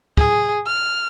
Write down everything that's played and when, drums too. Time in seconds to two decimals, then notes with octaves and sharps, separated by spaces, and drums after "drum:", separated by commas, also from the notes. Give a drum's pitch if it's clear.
0.17 G#4, drum: kick
0.67 F6